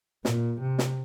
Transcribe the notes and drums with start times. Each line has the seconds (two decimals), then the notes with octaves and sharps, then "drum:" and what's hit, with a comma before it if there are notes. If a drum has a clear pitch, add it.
0.25 A#2, drum: snare
0.61 C3
0.79 drum: snare